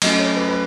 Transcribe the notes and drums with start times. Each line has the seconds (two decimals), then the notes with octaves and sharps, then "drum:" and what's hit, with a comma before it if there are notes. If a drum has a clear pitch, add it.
0.02 F#3 A3 C#4 D#5, drum: cymbal
0.19 C#5
0.36 B4
0.49 B4